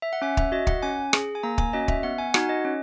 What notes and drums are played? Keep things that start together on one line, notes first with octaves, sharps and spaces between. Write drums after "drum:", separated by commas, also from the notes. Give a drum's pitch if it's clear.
E5
F#5
C#4 G#5
E5, drum: kick
F#4 D#5
F#5, drum: kick
C#4 G#5
G#4, drum: rim click
G#5
A#3 A#5
G#5, drum: kick
C#4 F#4 D#5
E5, drum: kick
B3 F#5
G#5
D#4 F#4 F#5, drum: rim click
D#5
C#4